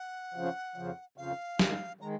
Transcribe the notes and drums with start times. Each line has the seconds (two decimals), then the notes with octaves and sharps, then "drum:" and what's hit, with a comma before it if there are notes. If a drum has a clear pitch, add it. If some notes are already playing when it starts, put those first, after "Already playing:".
Already playing: F#5
0.34 F2 C#3 F3
0.76 F2 C#3 F3
1.18 F2 C#3 F3 F5
1.59 G#2 D#3 G#3, drum: snare
2.01 D#3 G#3 A#5